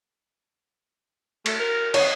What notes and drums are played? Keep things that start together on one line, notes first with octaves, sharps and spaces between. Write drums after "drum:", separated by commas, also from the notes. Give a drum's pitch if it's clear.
A3, drum: cymbal
A#4
C#5, drum: cymbal